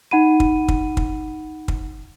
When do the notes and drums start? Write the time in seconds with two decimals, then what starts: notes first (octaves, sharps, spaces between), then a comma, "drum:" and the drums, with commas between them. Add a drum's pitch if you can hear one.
0.11 D#4 F#5 B5 D#7
0.40 drum: kick
0.68 drum: kick
0.97 drum: kick
1.68 drum: kick